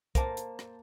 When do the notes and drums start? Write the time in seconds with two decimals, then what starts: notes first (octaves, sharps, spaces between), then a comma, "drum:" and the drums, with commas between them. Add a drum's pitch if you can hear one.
0.15 A#3 C5 A5, drum: kick, hi-hat
0.37 drum: hi-hat
0.59 drum: rim click